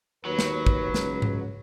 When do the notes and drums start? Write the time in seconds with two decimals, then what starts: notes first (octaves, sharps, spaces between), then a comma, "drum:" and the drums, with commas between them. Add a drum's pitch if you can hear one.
0.25 D#2 F#3 B4
0.39 drum: snare
0.66 drum: kick
0.94 C#2, drum: snare
1.22 drum: tom G#2